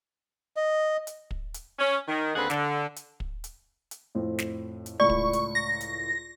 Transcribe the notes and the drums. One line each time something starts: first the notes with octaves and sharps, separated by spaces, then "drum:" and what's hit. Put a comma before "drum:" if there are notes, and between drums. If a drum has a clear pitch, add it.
D#5
drum: hi-hat
drum: kick
drum: hi-hat
C#4
D#3
D#2 D3 C4 G#4 B4 F#5
D3, drum: snare
drum: hi-hat
drum: kick
drum: hi-hat
drum: hi-hat
F2 A2 C4
drum: snare
drum: hi-hat
C#2 A2 D5 B5 C#6
drum: kick
drum: hi-hat
A#6
drum: hi-hat